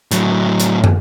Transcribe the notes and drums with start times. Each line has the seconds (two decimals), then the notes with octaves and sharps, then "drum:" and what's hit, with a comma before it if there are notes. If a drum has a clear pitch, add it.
0.11 A2 F#3, drum: hi-hat
0.60 drum: hi-hat
0.84 drum: tom